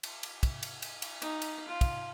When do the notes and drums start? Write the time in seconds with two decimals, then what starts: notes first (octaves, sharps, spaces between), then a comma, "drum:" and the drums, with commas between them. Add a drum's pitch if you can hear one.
0.03 drum: cymbal
0.23 drum: cymbal
0.43 drum: kick, cymbal
0.63 drum: cymbal
0.82 drum: cymbal
1.02 drum: cymbal
1.22 D#4, drum: cymbal
1.42 drum: cymbal
1.68 F4
1.81 drum: kick, cymbal